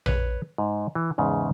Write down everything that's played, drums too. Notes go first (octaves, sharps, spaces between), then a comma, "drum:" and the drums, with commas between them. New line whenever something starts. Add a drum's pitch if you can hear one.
B4 C#5, drum: tom A#1
G#2
E3
E2 G#2 C#3